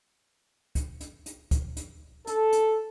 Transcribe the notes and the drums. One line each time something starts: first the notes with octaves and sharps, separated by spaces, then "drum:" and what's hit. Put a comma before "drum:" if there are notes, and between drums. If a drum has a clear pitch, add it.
drum: kick C#2, hi-hat
drum: hi-hat
drum: hi-hat
drum: kick C#2, hi-hat
drum: hi-hat
A4, drum: hi-hat
drum: hi-hat